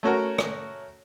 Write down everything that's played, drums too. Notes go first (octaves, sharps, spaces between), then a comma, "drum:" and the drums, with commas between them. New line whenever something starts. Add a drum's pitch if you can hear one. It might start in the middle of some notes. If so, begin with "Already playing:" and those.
A3 C#4 F#4 A#4
drum: rim click